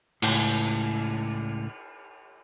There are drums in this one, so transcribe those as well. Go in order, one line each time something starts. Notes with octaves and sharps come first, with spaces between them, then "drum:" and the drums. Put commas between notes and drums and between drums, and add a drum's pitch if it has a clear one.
C#2 A2, drum: cymbal